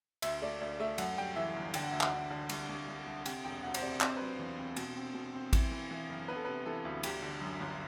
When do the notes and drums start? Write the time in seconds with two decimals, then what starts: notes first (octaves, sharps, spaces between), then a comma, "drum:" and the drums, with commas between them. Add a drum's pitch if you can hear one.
0.22 D2 E5, drum: cymbal
0.42 A3 D5
0.61 D2 D5
0.80 A3 E5
0.98 F#2 F#5, drum: cymbal
1.17 G3 G5
1.36 E3 E5
1.56 G1
1.74 D3 G5, drum: cymbal
1.83 F#5
1.92 D2 E5
2.01 F#5, drum: clap
2.13 D3
2.30 D3
2.49 C2, drum: cymbal
2.69 C2
2.88 C2
3.06 C2
3.26 C3 G5, drum: cymbal
3.44 E1 G5
3.63 D2 F#5
3.74 C5, drum: cymbal
3.82 C3 D5
4.01 C4 D5, drum: clap
4.09 C5
4.17 B4
4.21 F#3 C5
4.39 E2
4.58 C4
4.76 B2, drum: cymbal
4.96 C4
5.14 B2
5.34 C4
5.53 E3, drum: kick A1, cymbal
5.71 E3
5.91 E3
6.09 F#1
6.28 B3 B4
6.36 A4
6.45 C3 B4
6.66 E3 A4
6.85 D2
7.03 G1 G4, drum: cymbal
7.22 D3
7.41 F#2
7.60 G1